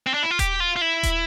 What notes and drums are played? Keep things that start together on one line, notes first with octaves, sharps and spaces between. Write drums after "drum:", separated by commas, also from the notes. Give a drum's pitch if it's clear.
C4
D4
E4
F4
G4, drum: kick D#1, hi-hat
F4
F4
E4
drum: kick D#1, hi-hat